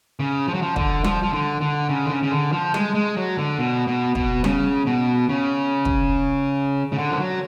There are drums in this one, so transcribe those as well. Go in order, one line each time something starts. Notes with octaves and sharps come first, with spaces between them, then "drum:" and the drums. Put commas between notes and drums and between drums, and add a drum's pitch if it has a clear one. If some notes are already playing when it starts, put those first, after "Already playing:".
C#3
F3
F#3
F3
D3, drum: kick
F3, drum: tom G3
F3
D3
D3
C#3
D3
C#3
C#3
D3
F3
G#3, drum: tom G3
G#3
F#3
D3
B2
B2
B2, drum: kick
C#3, drum: tom G3
B2
C#3
drum: kick
C#3
D3
F3
F#3